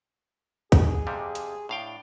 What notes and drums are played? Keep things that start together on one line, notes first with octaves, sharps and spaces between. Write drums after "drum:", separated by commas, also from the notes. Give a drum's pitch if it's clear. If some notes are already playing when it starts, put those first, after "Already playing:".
G#4, drum: kick, hi-hat
F2 C3 G3
drum: hi-hat
A2 D4 F5 G5